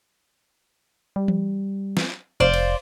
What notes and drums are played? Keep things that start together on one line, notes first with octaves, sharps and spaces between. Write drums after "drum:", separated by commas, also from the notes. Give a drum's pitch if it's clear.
G3
drum: tom E3
drum: snare
F1 C5 D5 F5
drum: cymbal